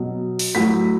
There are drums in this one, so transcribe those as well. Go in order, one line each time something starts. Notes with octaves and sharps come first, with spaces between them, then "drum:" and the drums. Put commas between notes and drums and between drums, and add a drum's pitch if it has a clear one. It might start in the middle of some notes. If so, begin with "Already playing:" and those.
Already playing: B2 F#3
drum: open hi-hat
A2 F#3 B6